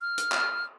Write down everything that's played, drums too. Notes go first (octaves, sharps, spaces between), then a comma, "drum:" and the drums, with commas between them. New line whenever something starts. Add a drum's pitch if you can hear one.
F6
drum: hi-hat
drum: clap